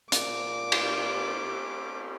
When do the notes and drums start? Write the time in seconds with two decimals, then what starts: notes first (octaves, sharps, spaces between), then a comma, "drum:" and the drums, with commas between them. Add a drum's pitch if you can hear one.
0.12 A#2 D6, drum: hi-hat
0.72 drum: cymbal